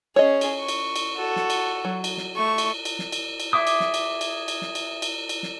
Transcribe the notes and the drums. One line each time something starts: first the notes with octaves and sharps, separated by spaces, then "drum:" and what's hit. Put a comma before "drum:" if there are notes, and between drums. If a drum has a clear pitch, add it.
C#4 G#4 C#5 D#5
drum: cymbal
C#6
drum: cymbal
drum: cymbal
F#4 A4
drum: snare
drum: cymbal
F#3
drum: cymbal
drum: snare
A3 C#6
drum: cymbal
drum: cymbal
drum: snare
drum: cymbal
drum: cymbal
G#4 E5 D6 D#6
drum: cymbal
drum: snare
drum: cymbal
drum: cymbal
drum: cymbal
drum: snare
drum: cymbal
drum: cymbal
drum: cymbal
drum: snare